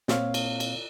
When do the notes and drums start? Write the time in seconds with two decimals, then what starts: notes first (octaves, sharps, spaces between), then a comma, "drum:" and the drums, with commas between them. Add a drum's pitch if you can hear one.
0.08 A#2 A#3 C4 C#5 F5, drum: snare
0.34 drum: cymbal
0.60 drum: cymbal